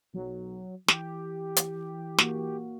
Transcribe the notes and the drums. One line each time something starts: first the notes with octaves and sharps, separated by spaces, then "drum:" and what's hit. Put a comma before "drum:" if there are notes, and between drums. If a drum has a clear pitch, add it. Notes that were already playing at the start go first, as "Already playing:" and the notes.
B1 F#3
E3 G4, drum: snare
drum: hi-hat
A#3 F#4, drum: snare